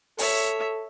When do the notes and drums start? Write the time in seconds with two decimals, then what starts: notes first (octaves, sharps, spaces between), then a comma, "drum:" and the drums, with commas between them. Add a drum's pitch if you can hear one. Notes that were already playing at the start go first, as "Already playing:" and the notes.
0.18 A4 C#5 E5, drum: open hi-hat